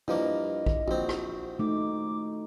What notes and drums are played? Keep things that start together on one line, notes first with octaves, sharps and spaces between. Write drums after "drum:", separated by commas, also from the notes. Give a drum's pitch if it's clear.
G2 F3 A#3 E4 D#5
drum: kick A#1
A#1 C4 F#4
drum: rim click
A3 D#4 D6